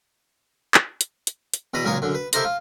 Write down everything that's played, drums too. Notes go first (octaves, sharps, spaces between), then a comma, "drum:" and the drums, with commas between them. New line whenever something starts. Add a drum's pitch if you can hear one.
drum: clap
drum: hi-hat
drum: hi-hat
drum: hi-hat
E2 B2 A#5 B5 D#6
C#2 A#2 F#3 A#4 C#5 D#6
F#2 D3
B4
E4 G4 A4 A#4 C5 D#5, drum: hi-hat
F4